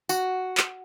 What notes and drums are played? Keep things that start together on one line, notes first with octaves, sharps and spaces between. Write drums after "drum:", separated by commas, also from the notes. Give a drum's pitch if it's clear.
F#4, drum: tambourine
drum: clap